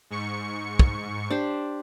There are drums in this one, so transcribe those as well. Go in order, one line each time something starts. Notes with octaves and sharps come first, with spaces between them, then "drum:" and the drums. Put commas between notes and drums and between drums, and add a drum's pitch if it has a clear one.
G#2 C#6 C#7
drum: kick
D4 G4 C5